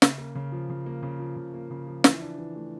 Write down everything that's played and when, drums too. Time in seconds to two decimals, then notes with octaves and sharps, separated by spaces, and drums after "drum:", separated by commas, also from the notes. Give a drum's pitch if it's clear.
0.02 C#3, drum: snare
0.18 A#3
0.35 C#3
0.52 F3
0.70 C#3
0.86 A#3
1.03 C#3
1.19 F3
1.36 C#3
1.54 A#3
1.71 C#3
1.87 F3
2.04 E3, drum: snare
2.21 D4
2.38 E3
2.55 A3